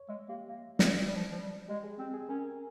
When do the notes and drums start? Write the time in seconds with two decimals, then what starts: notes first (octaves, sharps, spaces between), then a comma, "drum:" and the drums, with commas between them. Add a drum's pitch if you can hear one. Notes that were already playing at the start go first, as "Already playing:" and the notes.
Already playing: C#5
0.09 G#3 E5
0.29 A#3 G4
0.49 A#3
0.79 G3, drum: snare
1.08 G3
1.16 F3
1.31 F3
1.39 G3
1.68 G#3 G4
1.84 G#4
1.99 C4 G4
2.14 G#4
2.29 C#4 A#4